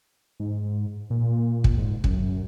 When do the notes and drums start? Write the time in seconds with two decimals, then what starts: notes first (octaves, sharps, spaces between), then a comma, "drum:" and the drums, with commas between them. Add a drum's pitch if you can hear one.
0.40 G#2
1.10 A#2
1.64 drum: kick
1.77 G#2
2.04 F#2, drum: kick